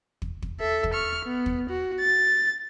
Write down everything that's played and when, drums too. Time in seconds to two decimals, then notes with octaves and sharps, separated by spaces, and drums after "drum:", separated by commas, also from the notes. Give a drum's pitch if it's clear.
0.22 drum: kick
0.42 drum: kick
0.60 A4 E5
0.84 drum: kick
0.94 C#6 F6
1.25 B3
1.46 drum: kick
1.70 F#4
2.00 A6